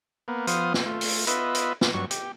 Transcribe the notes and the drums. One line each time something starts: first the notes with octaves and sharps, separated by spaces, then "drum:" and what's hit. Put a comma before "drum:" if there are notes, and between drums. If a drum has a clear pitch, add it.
A#3 B3
F3 B3 C5 F5 D#6, drum: hi-hat
drum: snare
A3 F4
drum: open hi-hat
B3 F4 B4 D#5 E5, drum: hi-hat
drum: hi-hat
drum: snare
G2 F#3 C#6
G4, drum: hi-hat